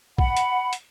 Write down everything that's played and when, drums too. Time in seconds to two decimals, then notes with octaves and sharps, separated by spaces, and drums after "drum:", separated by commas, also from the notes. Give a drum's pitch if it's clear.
0.18 F#5 B5, drum: kick
0.37 drum: hi-hat
0.73 drum: hi-hat